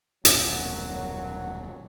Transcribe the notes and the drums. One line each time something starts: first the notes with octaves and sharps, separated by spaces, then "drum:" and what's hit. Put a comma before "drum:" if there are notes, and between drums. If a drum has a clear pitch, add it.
D#1 B1 F#2 A#2 F#3, drum: hi-hat